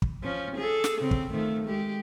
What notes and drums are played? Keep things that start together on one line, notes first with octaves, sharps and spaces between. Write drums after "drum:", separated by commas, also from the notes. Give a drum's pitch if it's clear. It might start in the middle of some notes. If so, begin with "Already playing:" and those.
drum: kick
F3 C#4
G#4 A4
drum: snare
C#3 C4
drum: kick
D#3 F3 A3
G#3 G4